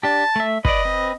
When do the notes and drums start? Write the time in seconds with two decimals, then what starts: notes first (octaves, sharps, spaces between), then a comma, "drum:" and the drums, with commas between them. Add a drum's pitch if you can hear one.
0.03 D4 G4 A5
0.36 A3 E5
0.65 B4 D5 D#5, drum: kick
0.85 C4 B4